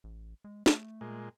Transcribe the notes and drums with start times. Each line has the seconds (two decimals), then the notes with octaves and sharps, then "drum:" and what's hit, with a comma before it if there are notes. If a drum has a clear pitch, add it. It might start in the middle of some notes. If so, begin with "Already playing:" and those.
0.04 A1
0.44 G#3
0.66 A3, drum: snare
1.01 A#2 G#3